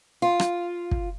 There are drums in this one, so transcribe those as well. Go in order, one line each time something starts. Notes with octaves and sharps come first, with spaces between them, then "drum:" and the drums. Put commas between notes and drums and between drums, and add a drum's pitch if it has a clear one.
F4
drum: rim click
drum: kick